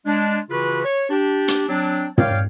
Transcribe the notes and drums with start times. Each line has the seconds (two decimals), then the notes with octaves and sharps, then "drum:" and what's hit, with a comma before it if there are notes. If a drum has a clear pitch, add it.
0.06 G#3 D4
0.50 C#3 E3 F4 F#4 B4
0.84 C#5
1.10 D4 G4
1.48 drum: hi-hat
1.68 F#3 C4 D4
2.18 C#5 D5 F5 G5, drum: tom